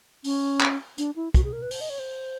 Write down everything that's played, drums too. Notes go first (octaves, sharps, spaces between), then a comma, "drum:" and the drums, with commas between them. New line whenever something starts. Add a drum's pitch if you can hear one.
C#4, drum: open hi-hat
drum: clap
D4, drum: hi-hat
E4
F#4, drum: kick, hi-hat
G#4
A#4
B4
C5, drum: open hi-hat
D#5
C#5
C5